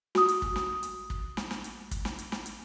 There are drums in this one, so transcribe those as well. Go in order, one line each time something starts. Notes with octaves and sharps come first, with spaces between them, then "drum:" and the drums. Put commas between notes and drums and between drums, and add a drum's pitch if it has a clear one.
F#4 D#6, drum: snare
drum: hi-hat
drum: kick
drum: snare
drum: hi-hat
drum: kick
drum: snare
drum: snare
drum: hi-hat
drum: kick, hi-hat
drum: snare
drum: hi-hat
drum: snare
drum: hi-hat